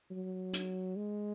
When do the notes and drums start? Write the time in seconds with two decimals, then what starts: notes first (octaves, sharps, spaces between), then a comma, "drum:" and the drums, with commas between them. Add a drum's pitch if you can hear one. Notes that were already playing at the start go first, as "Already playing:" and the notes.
0.11 F#3
0.53 drum: hi-hat
0.96 G#3